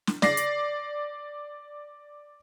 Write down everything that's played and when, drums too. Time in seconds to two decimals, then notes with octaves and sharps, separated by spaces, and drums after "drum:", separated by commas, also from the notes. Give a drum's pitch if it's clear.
0.07 drum: snare
0.22 D5 A#6 C7, drum: snare
0.37 drum: hi-hat